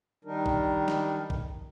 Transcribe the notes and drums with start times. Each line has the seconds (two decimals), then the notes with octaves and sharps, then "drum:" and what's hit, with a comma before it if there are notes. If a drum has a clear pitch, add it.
0.25 D#3 G3 D4 D#4 A#4
0.46 drum: kick
0.88 drum: snare
1.30 drum: kick